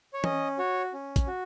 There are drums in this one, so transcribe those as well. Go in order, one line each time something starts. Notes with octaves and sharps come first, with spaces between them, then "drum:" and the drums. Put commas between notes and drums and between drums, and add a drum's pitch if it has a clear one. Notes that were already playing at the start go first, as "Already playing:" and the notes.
C#5
C#4 D#5, drum: tom
F#4 C#5
C#4
drum: kick, hi-hat
F#4